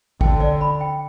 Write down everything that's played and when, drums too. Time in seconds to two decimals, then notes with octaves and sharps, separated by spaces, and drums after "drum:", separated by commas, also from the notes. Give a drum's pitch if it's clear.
0.21 D3 G5, drum: kick G#1
0.40 D5
0.61 B5
0.81 G5